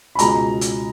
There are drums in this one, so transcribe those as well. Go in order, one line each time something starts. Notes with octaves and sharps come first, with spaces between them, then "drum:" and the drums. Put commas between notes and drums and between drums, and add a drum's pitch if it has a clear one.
B5
C#2 B2 G#3 A#5, drum: hi-hat
drum: hi-hat